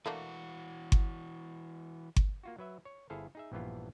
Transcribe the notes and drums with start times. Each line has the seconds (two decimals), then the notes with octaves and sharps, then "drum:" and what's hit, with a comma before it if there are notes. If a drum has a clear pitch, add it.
0.06 E3 A3 A#3 D4 F#4
0.92 drum: kick G1
2.16 drum: kick G1
2.43 A#3 F4 F#4
2.58 F#3 B4 E5
2.85 C#5
3.10 G1 E4 G#4 A4 C5 F5
3.35 D#4 G#4 E5
3.52 A#1 G2 E3 B3 F4